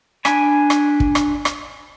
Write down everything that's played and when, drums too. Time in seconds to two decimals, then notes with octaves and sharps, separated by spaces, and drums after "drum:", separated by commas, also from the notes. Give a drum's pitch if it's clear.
0.25 D4 G#5 B5, drum: rim click
0.70 drum: rim click
1.00 drum: kick
1.15 drum: rim click
1.45 drum: rim click